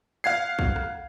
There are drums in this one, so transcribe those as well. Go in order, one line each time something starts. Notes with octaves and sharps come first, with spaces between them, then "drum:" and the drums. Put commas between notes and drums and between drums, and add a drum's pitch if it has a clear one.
F5 F#5 G#6 C7
drum: kick
drum: rim click